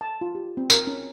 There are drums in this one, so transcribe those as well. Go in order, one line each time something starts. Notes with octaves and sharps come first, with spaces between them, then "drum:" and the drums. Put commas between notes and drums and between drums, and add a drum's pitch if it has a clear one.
A5
F4
G4
C4
A#4, drum: tambourine
C#4